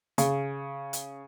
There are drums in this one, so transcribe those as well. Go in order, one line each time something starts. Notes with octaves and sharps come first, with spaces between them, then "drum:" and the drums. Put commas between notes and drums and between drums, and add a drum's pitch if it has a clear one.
C#3, drum: hi-hat
drum: hi-hat